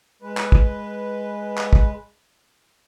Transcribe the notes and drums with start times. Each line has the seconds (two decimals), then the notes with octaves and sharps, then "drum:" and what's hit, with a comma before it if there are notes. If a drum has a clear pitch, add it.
0.22 G#3 B4
0.37 drum: clap
0.52 drum: kick
1.58 drum: clap
1.73 drum: kick